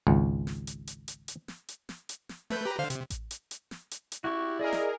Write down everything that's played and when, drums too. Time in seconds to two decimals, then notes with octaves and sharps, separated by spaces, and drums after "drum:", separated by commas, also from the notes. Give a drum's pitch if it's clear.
0.07 G#1 C#2
0.47 drum: snare
0.67 drum: hi-hat
0.87 drum: hi-hat
1.08 drum: hi-hat
1.28 drum: hi-hat
1.48 drum: snare
1.68 drum: hi-hat
1.89 drum: snare
2.09 drum: hi-hat
2.29 drum: snare
2.50 A3 B4 G6, drum: snare
2.65 G4 B4 A#5
2.79 D3 C5 F5
2.90 C3, drum: hi-hat
3.10 drum: kick A1, hi-hat
3.31 drum: hi-hat
3.51 drum: hi-hat
3.71 drum: snare
3.91 drum: hi-hat
4.12 drum: hi-hat
4.24 E4 F#4 G4 C#6
4.59 G#4 A#4 D5 D#5
4.72 drum: snare